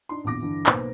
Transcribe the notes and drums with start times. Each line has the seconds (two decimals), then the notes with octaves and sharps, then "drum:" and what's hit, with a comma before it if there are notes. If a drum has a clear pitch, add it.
0.09 D4 D#4 C6
0.24 A#1 E2 C3 D6 A#6
0.40 G2 D3 E3
0.66 B1 A#3 B4 C5, drum: clap